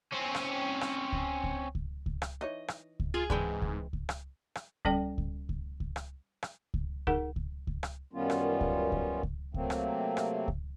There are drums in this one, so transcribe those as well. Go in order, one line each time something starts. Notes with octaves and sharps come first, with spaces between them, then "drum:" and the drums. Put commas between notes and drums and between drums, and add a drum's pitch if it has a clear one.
C4 C#4
drum: rim click
drum: rim click
drum: kick C#2
drum: kick C#2
drum: kick C#2
drum: kick C#2
drum: rim click
E3 D#4 C#5 D#5
drum: rim click
drum: kick C#2
F4 G#4
G#2 E3 G#3 C4 D4, drum: kick C#2
drum: kick C#2
drum: kick C#2
drum: rim click
drum: rim click
G3 C#4 A4 D5 G5, drum: kick C#2
drum: kick C#2
drum: kick C#2
drum: kick C#2
drum: rim click
drum: rim click
drum: kick C#2
D#4 G#4 A#4 F#5, drum: kick C#2
drum: kick C#2
drum: kick C#2
drum: rim click
F#2 D#3 G3 B3 C#4 F4
drum: rim click
drum: kick C#2
drum: kick C#2
drum: kick C#2
C3 F#3 A3 A#3 C4, drum: kick C#2
drum: rim click
drum: rim click
drum: kick C#2